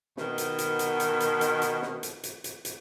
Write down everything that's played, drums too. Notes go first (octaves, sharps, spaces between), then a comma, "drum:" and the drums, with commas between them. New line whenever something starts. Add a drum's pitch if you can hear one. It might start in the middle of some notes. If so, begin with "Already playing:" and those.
B2 D#3, drum: snare
drum: hi-hat
drum: hi-hat
drum: hi-hat
drum: hi-hat
drum: hi-hat
drum: hi-hat
drum: hi-hat
drum: snare
drum: hi-hat
drum: hi-hat
drum: hi-hat
drum: hi-hat